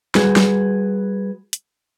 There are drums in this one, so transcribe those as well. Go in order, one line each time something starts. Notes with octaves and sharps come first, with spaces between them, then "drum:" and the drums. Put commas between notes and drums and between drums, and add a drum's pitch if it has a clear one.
G3 F#4 G#4 B4, drum: snare
drum: snare
drum: hi-hat